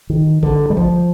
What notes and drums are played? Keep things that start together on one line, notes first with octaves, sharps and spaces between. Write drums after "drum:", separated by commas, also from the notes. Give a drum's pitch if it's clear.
D#3
D3, drum: kick
G3
F3, drum: kick